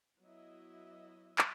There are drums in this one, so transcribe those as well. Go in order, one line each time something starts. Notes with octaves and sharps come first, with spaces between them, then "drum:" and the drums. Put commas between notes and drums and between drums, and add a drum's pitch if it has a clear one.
F#3 B3 E4 D#5 E5
drum: clap